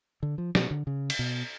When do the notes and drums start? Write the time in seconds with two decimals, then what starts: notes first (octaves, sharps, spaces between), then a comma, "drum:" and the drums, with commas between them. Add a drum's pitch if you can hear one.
0.23 D3
0.38 F3
0.55 B2, drum: snare
0.71 D3
0.87 C#3
1.10 drum: cymbal
1.19 B2